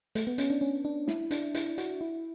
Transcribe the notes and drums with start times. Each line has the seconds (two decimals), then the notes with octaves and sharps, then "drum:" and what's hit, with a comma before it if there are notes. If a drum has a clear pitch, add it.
0.15 A3, drum: hi-hat
0.27 B3
0.38 C#4, drum: hi-hat
0.50 D4
0.61 C#4
0.85 D4
1.08 E4, drum: snare
1.31 D4, drum: hi-hat
1.55 E4, drum: hi-hat
1.78 F#4, drum: hi-hat
2.01 E4